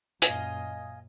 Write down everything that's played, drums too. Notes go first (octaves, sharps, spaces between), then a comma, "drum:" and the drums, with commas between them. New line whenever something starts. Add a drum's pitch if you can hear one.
F#2 A#2 D#5 F5 G#5, drum: hi-hat